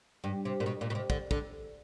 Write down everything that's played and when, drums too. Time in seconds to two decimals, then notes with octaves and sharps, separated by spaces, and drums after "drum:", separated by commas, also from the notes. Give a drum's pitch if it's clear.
0.24 G2
0.45 C3
0.60 A#2
0.66 B2
0.81 A#2
0.90 B2
0.95 C3
1.10 D3, drum: kick
1.31 D3, drum: kick